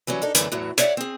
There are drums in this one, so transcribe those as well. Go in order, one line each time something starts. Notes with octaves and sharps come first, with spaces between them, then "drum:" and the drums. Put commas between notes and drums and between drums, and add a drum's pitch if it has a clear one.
E3 F#3 G3 C#4
D4 D#4 A4
F#2 D3 E3 A3 B3, drum: hi-hat
E2 A2 E3 F#3
C#5 D5 E5 F#5, drum: hi-hat
C4 G#4